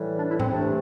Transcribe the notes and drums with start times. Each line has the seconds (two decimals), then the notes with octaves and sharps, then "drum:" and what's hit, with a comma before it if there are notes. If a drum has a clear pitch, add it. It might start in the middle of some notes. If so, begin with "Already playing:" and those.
Already playing: A2 E3 G3
0.19 D4
0.29 E4
0.40 C4, drum: tom G#2
0.50 C3 E3 A3 D4